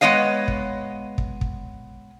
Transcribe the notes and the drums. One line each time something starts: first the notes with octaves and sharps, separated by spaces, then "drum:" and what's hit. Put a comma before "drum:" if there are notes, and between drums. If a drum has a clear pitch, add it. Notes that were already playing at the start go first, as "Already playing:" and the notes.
G#3 B3 C#5 D#5 F5
drum: kick
drum: kick
drum: kick